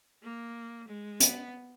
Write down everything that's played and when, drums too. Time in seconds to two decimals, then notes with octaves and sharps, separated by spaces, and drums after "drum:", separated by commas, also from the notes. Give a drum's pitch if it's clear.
0.23 A#3
0.88 G#3
1.20 B3, drum: hi-hat